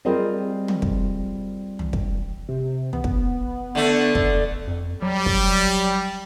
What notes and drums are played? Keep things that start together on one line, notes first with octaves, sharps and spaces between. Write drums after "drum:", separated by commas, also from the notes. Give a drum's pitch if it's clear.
G3 C4 F4 G#4 A#4 D#5
drum: tom
drum: kick
drum: tom
drum: kick
C3
B3, drum: tom
drum: kick
D3 A3
drum: kick
F2
F#3 G3
drum: kick